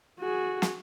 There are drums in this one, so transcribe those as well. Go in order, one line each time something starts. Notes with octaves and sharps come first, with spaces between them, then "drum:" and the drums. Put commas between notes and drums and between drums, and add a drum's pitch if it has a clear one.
F#4 G#4
drum: snare